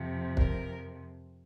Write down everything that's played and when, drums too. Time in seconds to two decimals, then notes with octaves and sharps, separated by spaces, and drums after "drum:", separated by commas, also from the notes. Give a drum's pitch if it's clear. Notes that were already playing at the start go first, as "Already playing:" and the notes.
Already playing: F2 C3 F3
0.37 A#4, drum: kick